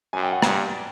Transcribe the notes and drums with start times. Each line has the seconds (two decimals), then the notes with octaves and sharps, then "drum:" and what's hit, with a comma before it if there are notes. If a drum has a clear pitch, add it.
0.13 F#2 G#5
0.22 G5
0.32 F#5
0.42 G2, drum: rim click